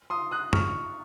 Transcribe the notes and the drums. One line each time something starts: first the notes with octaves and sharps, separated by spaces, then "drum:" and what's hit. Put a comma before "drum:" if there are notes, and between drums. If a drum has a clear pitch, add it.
C6 D#6
D#6 F#6
C#6 F6, drum: tom